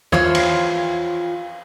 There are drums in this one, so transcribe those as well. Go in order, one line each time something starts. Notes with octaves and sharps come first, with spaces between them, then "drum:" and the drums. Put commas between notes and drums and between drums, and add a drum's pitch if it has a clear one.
E3 F3 F4 C5 C#5, drum: tom E2
drum: cymbal